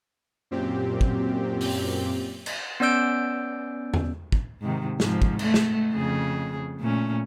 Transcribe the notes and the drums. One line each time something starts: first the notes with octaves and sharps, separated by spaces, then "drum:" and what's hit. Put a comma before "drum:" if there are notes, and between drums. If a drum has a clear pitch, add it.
F#2 A#2 C4 G4
drum: kick
drum: open hi-hat
drum: cymbal
B3 C#4 D5 E6 G6 D7
drum: tom E2
drum: kick
G#2 C3 D#3
G#2 F3, drum: snare
drum: kick
A3, drum: cymbal
drum: snare
F2 C#3 G#4
A#2 A3 C#4